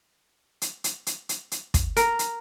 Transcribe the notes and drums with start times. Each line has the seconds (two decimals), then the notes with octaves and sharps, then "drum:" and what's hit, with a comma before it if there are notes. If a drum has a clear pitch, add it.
0.62 drum: hi-hat
0.84 drum: hi-hat
1.07 drum: hi-hat
1.29 drum: hi-hat
1.52 drum: hi-hat
1.74 drum: kick, hi-hat
1.97 A#4, drum: hi-hat
2.19 drum: hi-hat